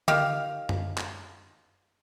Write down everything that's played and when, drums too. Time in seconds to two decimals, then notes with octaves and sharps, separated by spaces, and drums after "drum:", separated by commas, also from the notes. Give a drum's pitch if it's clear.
0.08 D#3 G4 F5, drum: tom D3
0.69 drum: tom F#2
0.98 drum: clap